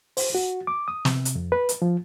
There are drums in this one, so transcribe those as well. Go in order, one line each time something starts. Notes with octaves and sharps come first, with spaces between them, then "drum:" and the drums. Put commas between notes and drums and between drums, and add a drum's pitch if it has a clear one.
C5, drum: open hi-hat
F#4
D6
D#6
C3, drum: snare
drum: hi-hat
F2
B4
drum: hi-hat
F3